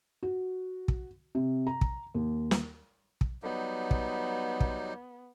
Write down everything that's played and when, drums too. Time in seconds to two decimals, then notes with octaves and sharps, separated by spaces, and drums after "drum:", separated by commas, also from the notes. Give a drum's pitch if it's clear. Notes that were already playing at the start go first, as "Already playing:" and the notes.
0.23 F#4
0.88 drum: kick
1.35 C3
1.67 A#5
1.81 drum: kick
2.15 D#2
2.51 drum: snare
3.21 drum: kick
3.43 F#3 G3 B3 D#4
3.91 drum: kick
4.61 drum: kick